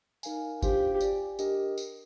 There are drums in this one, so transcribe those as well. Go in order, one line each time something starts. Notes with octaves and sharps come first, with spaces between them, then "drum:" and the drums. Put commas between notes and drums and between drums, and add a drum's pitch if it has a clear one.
D#4 A#4 F5 G#5, drum: tambourine
D4 F4 G4 C5 F5, drum: kick G1, tambourine
G4 D5 G#5, drum: tambourine
D4 G4 A#4 D#5, drum: tambourine
drum: tambourine